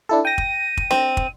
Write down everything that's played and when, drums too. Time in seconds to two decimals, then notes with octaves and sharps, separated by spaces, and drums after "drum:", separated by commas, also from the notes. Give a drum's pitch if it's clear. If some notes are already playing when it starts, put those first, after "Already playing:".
0.09 D4 E4 A4
0.25 G5 A#6 D#7
0.38 drum: kick
0.77 drum: kick
0.91 C4, drum: snare D4
1.17 drum: kick